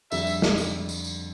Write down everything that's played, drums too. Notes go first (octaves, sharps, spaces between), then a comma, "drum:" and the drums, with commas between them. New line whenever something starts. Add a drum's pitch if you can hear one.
F2 D3 G3 E5, drum: tambourine
drum: tambourine
drum: snare
drum: tambourine
drum: tambourine
drum: tambourine